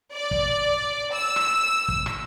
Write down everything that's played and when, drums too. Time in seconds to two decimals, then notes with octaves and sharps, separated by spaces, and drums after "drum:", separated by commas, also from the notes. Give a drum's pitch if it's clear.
0.14 D5
0.31 drum: kick
1.14 E6
1.36 drum: rim click
1.88 drum: kick
2.06 drum: rim click